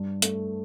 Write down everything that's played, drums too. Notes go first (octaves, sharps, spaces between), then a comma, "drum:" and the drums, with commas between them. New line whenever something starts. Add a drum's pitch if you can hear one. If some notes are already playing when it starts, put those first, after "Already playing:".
Already playing: G2
A3, drum: hi-hat